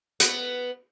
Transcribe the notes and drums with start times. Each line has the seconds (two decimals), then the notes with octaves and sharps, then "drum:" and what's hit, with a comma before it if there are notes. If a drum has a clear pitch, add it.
0.20 B3 B4, drum: hi-hat